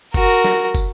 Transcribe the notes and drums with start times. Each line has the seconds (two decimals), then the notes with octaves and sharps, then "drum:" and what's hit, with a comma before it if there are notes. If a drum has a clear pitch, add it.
0.14 F#4 A#4, drum: kick, tambourine
0.44 drum: snare
0.75 drum: kick, tambourine